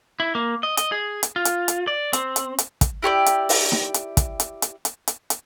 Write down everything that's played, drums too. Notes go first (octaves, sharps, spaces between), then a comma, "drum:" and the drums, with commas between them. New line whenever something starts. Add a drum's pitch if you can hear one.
E4
A#3
D#5
D#5, drum: hi-hat
G#4
drum: hi-hat
F4
drum: hi-hat
drum: hi-hat
D5
C4, drum: hi-hat
drum: hi-hat
drum: hi-hat
drum: kick, hi-hat
E4 G4 C#5 D5
drum: hi-hat
drum: open hi-hat
drum: snare D#4
drum: hi-hat
drum: kick, hi-hat
drum: hi-hat
drum: hi-hat
drum: hi-hat
drum: hi-hat
drum: hi-hat